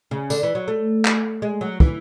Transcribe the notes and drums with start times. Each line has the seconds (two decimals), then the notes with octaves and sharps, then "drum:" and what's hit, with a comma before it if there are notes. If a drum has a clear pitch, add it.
0.11 C#3
0.30 D3, drum: tambourine
0.43 E3
0.55 F#3
0.68 A3
1.05 drum: clap
1.42 G#3
1.61 F#3
1.80 E3, drum: kick